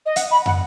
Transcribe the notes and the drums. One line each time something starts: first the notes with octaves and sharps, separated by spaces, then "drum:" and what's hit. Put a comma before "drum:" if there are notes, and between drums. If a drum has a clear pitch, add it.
D#5
F#5, drum: hi-hat
B5
F#5, drum: tom